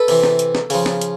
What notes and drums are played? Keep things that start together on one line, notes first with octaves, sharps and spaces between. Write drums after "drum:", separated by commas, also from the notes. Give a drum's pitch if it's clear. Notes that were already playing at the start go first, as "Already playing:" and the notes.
Already playing: A4 B4
C3 E3, drum: open hi-hat
drum: snare
drum: hi-hat
drum: snare
C#3 F3, drum: open hi-hat
drum: snare
drum: hi-hat